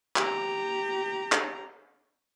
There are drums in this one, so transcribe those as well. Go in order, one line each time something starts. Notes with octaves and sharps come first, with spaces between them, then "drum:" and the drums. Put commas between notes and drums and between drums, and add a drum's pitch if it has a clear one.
G4 A#5, drum: clap
drum: clap